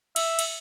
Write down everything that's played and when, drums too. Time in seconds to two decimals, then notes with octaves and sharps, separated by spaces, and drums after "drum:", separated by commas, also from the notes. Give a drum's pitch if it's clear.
0.16 E5, drum: cymbal
0.39 drum: cymbal